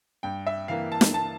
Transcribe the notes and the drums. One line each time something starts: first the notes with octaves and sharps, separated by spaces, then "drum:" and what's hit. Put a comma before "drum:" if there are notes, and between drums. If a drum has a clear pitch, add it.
G2 G5
E5
E3 A#3 F5
A5
drum: snare
A5